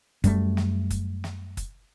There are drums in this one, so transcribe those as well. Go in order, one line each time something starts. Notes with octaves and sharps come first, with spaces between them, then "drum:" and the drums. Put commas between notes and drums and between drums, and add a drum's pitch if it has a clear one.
F#2 G3 A3, drum: kick, hi-hat
drum: snare
drum: kick, hi-hat
drum: snare
drum: kick, hi-hat